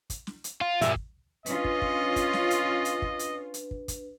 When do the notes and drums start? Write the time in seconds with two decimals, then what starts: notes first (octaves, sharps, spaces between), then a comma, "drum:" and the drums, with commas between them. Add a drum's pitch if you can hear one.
0.10 drum: kick, hi-hat
0.27 drum: snare
0.44 drum: hi-hat
0.61 F4
0.81 G2 A#2 E5, drum: hi-hat
0.96 drum: kick
1.46 C#4 D4 F4 B4 D#5, drum: hi-hat
1.64 drum: kick
1.82 drum: kick
2.16 drum: kick, hi-hat
2.33 drum: snare
2.51 drum: hi-hat
2.85 drum: hi-hat
3.02 drum: kick
3.19 drum: hi-hat
3.54 drum: hi-hat
3.71 drum: kick
3.88 drum: kick, hi-hat